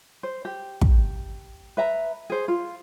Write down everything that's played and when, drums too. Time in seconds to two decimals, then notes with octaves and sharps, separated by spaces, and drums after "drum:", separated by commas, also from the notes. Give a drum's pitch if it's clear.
0.23 C5
0.45 G4
0.81 drum: kick
1.77 B4 E5 A#5
2.30 G#4 C5
2.48 F4